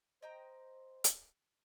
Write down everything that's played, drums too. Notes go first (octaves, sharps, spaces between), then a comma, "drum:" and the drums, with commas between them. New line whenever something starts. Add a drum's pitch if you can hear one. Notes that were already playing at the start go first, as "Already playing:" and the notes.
C5 D#5 G5 A#5
drum: hi-hat